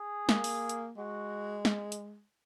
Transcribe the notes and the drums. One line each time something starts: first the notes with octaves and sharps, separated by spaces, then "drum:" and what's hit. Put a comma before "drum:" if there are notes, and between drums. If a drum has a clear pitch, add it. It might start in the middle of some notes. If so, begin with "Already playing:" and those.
Already playing: G#4
A#3, drum: snare
drum: open hi-hat
drum: hi-hat
G#3 F#4
drum: snare
drum: hi-hat